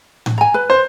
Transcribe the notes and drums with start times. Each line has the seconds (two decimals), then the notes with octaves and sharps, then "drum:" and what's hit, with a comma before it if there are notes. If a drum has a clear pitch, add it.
0.26 drum: tom A2
0.38 G#5 A#5
0.54 B4
0.70 C5